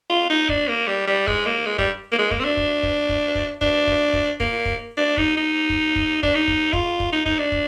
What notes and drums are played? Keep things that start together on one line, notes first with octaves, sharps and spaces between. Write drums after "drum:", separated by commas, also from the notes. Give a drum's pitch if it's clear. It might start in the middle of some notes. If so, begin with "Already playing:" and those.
F4
D#4
D4, drum: kick
A#3
G3
G3
G#3, drum: kick
A#3
G#3
G3, drum: kick
A#3
G#3
A#3, drum: kick
C4
D4
drum: kick
drum: kick
drum: kick
drum: kick
D4, drum: kick
drum: kick
drum: kick
A#3, drum: kick
drum: kick
D4
D#4, drum: kick
D#4
drum: kick
drum: kick
D4, drum: kick
D#4
drum: kick
F4, drum: kick
drum: kick
D#4
D#4, drum: kick
D4
drum: kick